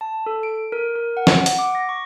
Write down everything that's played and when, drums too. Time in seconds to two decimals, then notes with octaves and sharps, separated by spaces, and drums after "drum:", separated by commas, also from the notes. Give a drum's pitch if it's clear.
0.01 A5
0.26 A4
0.43 D7
0.72 A#4
0.95 A#4
1.17 F#5
1.27 drum: snare
1.46 F#5, drum: hi-hat
1.59 D6
1.75 A#6
1.89 C#6